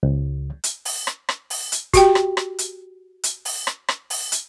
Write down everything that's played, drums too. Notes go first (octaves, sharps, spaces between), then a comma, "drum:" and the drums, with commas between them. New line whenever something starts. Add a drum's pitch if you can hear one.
C#2
drum: hi-hat
drum: open hi-hat
drum: rim click
drum: rim click
drum: open hi-hat
drum: hi-hat
F#4 G4 G5, drum: kick, hi-hat
drum: rim click
drum: rim click
drum: hi-hat
drum: hi-hat
drum: open hi-hat
drum: rim click
drum: rim click
drum: open hi-hat
drum: hi-hat